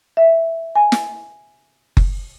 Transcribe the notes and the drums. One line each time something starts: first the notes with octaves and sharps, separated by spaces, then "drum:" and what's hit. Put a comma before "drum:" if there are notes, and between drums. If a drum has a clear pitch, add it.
E5
G#5
drum: snare
drum: kick F#1